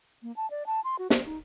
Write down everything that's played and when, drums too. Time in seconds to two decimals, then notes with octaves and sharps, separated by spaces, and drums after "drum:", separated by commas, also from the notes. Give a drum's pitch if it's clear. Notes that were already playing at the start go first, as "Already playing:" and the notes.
0.23 A#3
0.36 A5
0.50 D5
0.66 A5
0.84 C6
0.99 F#4
1.10 C5, drum: snare
1.26 D#4